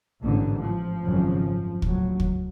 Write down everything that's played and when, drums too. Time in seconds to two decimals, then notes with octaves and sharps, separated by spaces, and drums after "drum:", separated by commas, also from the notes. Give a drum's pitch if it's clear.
0.23 A1 G#2 D3
0.62 F3
1.02 G#1 F#2 C#3
1.82 A#1 A2 F#3, drum: kick
2.20 drum: kick